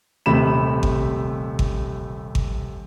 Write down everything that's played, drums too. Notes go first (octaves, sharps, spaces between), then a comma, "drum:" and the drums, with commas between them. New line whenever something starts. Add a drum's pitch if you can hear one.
D#1 C3 A3 B5 E7
drum: kick G#1
drum: kick G#1
drum: kick G#1